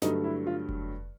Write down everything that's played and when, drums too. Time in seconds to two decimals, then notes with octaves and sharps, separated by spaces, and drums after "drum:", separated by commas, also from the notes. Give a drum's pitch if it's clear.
0.02 G2 D3 F#3 A3 D#4, drum: snare
0.24 E4
0.47 F4
0.69 drum: kick F1